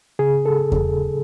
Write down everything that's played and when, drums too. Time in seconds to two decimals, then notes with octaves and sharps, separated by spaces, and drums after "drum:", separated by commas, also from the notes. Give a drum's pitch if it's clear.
0.19 C#3 G#4
0.46 A4
0.72 drum: kick E2